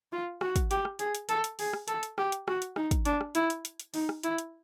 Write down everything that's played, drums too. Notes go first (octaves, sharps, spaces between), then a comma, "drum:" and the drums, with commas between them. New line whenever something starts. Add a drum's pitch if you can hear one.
F4
F#4, drum: rim click
drum: kick, hi-hat
G4, drum: hi-hat
drum: rim click
G#4, drum: hi-hat
drum: hi-hat
A4, drum: hi-hat
drum: hi-hat
G#4, drum: open hi-hat
drum: rim click
A4, drum: hi-hat
drum: hi-hat
G4, drum: rim click
drum: hi-hat
F#4, drum: rim click
drum: hi-hat
D#4, drum: rim click
drum: kick, hi-hat
D4, drum: hi-hat
drum: rim click
E4, drum: hi-hat
drum: hi-hat
drum: hi-hat
drum: hi-hat
D#4, drum: open hi-hat
drum: rim click
E4, drum: hi-hat
drum: hi-hat